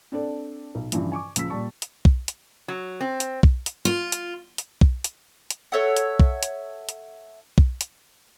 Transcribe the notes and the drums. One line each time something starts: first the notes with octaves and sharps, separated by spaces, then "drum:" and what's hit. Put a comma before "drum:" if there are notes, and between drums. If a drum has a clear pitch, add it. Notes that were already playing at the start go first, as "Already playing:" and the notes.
C4 D4 A4 D5
B1
G2 C#3 E3 F3, drum: hi-hat
G#5 C#6 D6
C#2 F3 E6 B6, drum: hi-hat
A#2 G3 A5 C#6
drum: hi-hat
drum: kick
drum: hi-hat
F#3
C4
drum: hi-hat
drum: kick
drum: hi-hat
F4
drum: hi-hat
drum: hi-hat
drum: kick
drum: hi-hat
drum: hi-hat
A4 C#5 E5 F#5
drum: hi-hat
drum: kick
drum: hi-hat
drum: hi-hat
drum: kick
drum: hi-hat